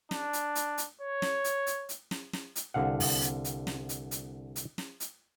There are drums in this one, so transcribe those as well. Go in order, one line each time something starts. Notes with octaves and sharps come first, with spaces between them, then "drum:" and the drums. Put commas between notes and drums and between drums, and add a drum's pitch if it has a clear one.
D4, drum: snare
drum: hi-hat
drum: hi-hat
drum: hi-hat
C#5
drum: snare
drum: hi-hat
drum: hi-hat
drum: hi-hat
drum: snare
drum: snare
drum: hi-hat
C2 D3 F5 F#5
drum: kick, open hi-hat
drum: hi-hat
drum: hi-hat
drum: snare
drum: hi-hat
drum: hi-hat
drum: hi-hat
drum: snare
drum: hi-hat